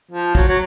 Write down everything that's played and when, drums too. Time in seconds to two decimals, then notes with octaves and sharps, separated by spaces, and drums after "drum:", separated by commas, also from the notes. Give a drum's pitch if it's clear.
0.11 F3
0.35 F#3, drum: kick
0.48 F#3